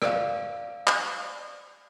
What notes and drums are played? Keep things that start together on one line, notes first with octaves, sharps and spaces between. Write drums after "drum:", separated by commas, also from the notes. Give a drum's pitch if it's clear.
D5 F5, drum: rim click
drum: clap